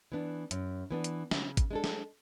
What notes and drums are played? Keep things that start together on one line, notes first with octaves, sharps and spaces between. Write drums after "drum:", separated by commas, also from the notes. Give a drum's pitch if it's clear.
E3 B3 D4
F#2, drum: hi-hat
E3 B3 D4
drum: hi-hat
C#3, drum: snare
drum: kick G#1, hi-hat
G#3 D4 A4
drum: snare